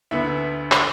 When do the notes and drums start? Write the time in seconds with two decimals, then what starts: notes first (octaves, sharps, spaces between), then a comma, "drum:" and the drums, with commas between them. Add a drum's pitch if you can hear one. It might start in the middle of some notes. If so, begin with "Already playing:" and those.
0.11 D2 D3 B3 E5
0.72 drum: clap